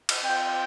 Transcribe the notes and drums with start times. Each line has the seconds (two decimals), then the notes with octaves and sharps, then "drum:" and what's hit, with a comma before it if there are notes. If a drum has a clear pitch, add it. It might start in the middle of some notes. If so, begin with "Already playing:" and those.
0.09 drum: cymbal
0.24 C4 F4 G5